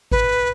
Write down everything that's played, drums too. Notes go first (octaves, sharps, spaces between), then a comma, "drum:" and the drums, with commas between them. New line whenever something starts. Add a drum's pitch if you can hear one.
B4, drum: kick G#1